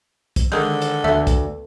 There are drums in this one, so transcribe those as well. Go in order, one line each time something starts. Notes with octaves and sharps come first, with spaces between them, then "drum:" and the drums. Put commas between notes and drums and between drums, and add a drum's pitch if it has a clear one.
drum: kick, hi-hat
D3 D#3 G#3 G6
drum: hi-hat
D2 A3 B3 E5
drum: kick, hi-hat